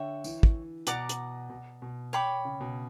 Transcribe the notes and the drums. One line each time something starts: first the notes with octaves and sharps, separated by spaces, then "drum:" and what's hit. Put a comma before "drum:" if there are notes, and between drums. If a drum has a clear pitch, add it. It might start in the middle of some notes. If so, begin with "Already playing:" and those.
Already playing: D3 C#5 E5 G5
E3, drum: tambourine
drum: kick
B2 D5 F#5 A#5 D6, drum: hi-hat
drum: hi-hat
B2
B2
C#5 G5 B5 D6
C#3
B2